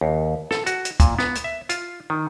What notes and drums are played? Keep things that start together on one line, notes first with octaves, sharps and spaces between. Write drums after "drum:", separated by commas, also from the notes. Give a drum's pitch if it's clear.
D#2
A4, drum: snare
F#4, drum: hi-hat
drum: hi-hat
A#2, drum: kick, hi-hat
B3, drum: snare
drum: hi-hat
E5
F4, drum: hi-hat
D#3